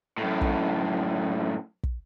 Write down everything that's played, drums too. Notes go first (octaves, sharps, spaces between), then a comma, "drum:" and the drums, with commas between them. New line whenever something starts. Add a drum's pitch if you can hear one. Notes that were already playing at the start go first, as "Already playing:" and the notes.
F#2 A2
drum: kick
drum: kick